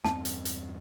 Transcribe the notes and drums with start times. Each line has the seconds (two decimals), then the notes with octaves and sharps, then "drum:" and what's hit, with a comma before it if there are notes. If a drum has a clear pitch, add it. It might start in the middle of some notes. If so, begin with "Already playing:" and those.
0.05 E2 G2 C4 A5, drum: snare
0.25 drum: hi-hat
0.45 drum: hi-hat